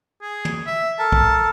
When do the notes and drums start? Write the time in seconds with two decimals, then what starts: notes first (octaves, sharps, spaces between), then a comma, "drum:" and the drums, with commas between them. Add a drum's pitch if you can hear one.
0.21 G#4
0.45 drum: tom
0.67 E5
0.99 A4 A#4 A5
1.12 drum: kick